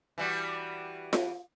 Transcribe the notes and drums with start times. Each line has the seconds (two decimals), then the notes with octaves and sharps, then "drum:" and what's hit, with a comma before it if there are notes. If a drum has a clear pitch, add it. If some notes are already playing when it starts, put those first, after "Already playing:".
0.18 E3 G3 F#4
1.13 drum: snare F4